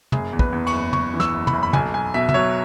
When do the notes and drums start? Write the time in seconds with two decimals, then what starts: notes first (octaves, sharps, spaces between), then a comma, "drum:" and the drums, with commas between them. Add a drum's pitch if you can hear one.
0.12 F#1 G#4, drum: tom
0.33 E2
0.39 B4, drum: kick
0.53 E2
0.67 C#6, drum: cymbal
0.73 F#1
0.93 F#1 C#6, drum: tom
1.14 E3
1.20 E6, drum: snare
1.34 F#1
1.47 B5, drum: tom
1.53 F#1
1.63 B5
1.73 B1 G#5, drum: tom
1.94 B1 G#5
2.14 B2 E5
2.29 E5, drum: tom
2.34 F#3 C#5